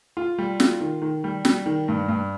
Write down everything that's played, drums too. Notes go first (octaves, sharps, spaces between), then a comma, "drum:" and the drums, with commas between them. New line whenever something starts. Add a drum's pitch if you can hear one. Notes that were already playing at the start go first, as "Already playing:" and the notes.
F4
G3
F4, drum: snare
D#3
D#3
G3
G3, drum: snare
D#3
G2
G2